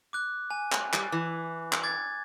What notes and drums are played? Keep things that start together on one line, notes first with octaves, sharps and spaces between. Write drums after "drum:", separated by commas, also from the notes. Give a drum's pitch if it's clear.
D6 F#6
G#5
drum: clap
G3, drum: clap
E3
drum: clap
D6 G#6 A6